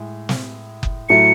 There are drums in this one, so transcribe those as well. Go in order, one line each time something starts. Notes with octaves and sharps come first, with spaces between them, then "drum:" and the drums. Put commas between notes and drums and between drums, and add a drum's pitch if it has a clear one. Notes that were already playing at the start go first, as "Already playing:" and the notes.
Already playing: A2 G#3
drum: snare
drum: kick F#1
A2 F#3 A3 E4 C#7